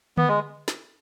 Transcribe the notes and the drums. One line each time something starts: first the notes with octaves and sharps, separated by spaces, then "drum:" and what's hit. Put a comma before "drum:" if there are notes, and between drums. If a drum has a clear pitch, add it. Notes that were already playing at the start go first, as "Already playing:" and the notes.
B3, drum: tom D3
G#3
drum: snare